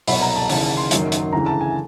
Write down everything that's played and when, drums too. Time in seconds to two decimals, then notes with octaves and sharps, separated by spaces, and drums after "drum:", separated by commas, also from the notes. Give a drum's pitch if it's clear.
0.08 C2 B2 F#3 B5, drum: open hi-hat
0.22 A#5
0.36 A5
0.49 D#2 C#3 E3 A5, drum: open hi-hat
0.64 A5
0.77 C6
0.91 F#1 F#2 D#3 F#3, drum: hi-hat
1.12 drum: hi-hat
1.33 D2 C#3 E3 A#5
1.46 A5
1.61 G#5